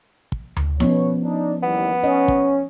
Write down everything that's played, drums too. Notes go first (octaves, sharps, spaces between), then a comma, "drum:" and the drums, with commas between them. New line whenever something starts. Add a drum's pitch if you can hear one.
drum: kick
drum: tom D2
B2 F3 B3 C#4 C#5, drum: snare D#4
D4 D#4
D#2 E3 G3 B3
C#4 D#5
drum: kick